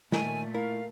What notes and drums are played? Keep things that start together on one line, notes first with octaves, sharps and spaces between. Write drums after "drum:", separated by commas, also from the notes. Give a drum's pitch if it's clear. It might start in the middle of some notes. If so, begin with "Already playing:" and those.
A#2 D#3 A3 A#4 C#5 G#5, drum: snare
E4 A#4 F5